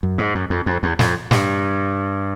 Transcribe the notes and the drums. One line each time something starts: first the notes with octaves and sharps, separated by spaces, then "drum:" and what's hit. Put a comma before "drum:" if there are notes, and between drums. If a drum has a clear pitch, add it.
F#2
G#2
F#2
F2
F2
E2
F2, drum: snare
G2, drum: snare